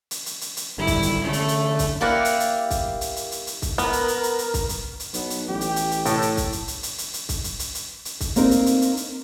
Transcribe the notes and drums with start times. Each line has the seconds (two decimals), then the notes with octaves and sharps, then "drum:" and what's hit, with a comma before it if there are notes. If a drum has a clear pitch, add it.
0.11 drum: hi-hat
0.26 drum: hi-hat
0.41 drum: hi-hat
0.57 drum: hi-hat
0.78 G#1 D3 G3 E4
0.87 drum: kick C2, hi-hat
1.02 drum: hi-hat
1.24 D3 A3 C#4
1.33 drum: hi-hat
1.48 drum: hi-hat
1.79 drum: kick C2, hi-hat
2.01 A#3 E4 G4 A#4 D5 F#5
2.25 drum: hi-hat
2.40 drum: hi-hat
2.71 drum: kick C2, hi-hat
3.01 drum: hi-hat
3.16 drum: hi-hat
3.32 drum: hi-hat
3.47 drum: hi-hat
3.62 drum: kick C2, hi-hat
3.78 B3 A#4, drum: hi-hat
3.93 drum: hi-hat
4.08 drum: hi-hat
4.23 drum: hi-hat
4.39 drum: hi-hat
4.54 drum: kick C2, hi-hat
4.69 drum: hi-hat
5.00 drum: hi-hat
5.14 B1 B3, drum: hi-hat
5.30 drum: hi-hat
5.49 A1 G4
5.61 drum: hi-hat
5.76 drum: hi-hat
5.91 drum: hi-hat
6.06 A2 A4, drum: hi-hat
6.22 drum: hi-hat
6.37 drum: kick C2, hi-hat
6.52 drum: hi-hat
6.68 drum: hi-hat
6.83 drum: hi-hat
6.98 drum: hi-hat
7.14 drum: hi-hat
7.29 drum: kick C2, hi-hat
7.44 drum: hi-hat
7.59 drum: hi-hat
7.75 drum: hi-hat
8.05 drum: hi-hat
8.21 drum: kick C2, hi-hat
8.36 A#3 C4 D4 D#4 A#4, drum: hi-hat
8.51 drum: hi-hat
8.66 drum: hi-hat
8.82 drum: hi-hat
8.97 drum: hi-hat